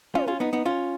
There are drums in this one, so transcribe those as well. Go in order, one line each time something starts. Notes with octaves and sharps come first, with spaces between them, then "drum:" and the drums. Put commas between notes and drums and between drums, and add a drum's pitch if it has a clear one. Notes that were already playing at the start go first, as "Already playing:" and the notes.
C#4 F4, drum: tom
C#4 F4
B3 D#4
B3 D#4
C#4 F4